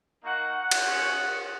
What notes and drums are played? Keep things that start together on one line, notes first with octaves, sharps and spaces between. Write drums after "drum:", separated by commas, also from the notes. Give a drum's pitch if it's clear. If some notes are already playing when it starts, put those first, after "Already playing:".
A#3 D#4 F#4 F#5
F#5
drum: cymbal
G#3 C#4 F#4